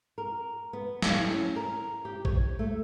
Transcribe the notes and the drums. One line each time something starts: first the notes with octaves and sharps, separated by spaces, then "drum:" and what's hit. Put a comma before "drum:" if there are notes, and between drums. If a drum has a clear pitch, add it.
A#4
B3
A2, drum: snare
C#4
A#4
G4
C#5, drum: kick A1
A3